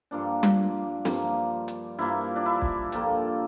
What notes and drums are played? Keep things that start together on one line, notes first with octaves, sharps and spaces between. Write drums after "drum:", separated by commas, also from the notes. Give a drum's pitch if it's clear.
G2 F3 A#3 D4
drum: tom G3
G2 F3 A#3, drum: snare
drum: hi-hat
G2 F3 A#3 E4
D4
E4
drum: kick
G2 F3 A#3 A4, drum: hi-hat